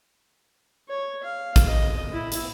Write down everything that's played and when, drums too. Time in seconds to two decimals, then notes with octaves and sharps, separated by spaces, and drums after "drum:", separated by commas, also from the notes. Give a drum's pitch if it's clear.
0.89 C#5
1.24 F5
1.56 drum: kick, hi-hat
1.68 D#5
2.13 E4
2.32 drum: hi-hat